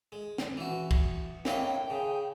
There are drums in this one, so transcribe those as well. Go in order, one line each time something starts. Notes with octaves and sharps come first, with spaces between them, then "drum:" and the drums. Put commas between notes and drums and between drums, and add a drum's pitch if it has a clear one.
G#3
drum: snare
E3 F#4
drum: kick, cymbal
A2 A#3 C#4 D#5 G5, drum: snare
C#3 G#4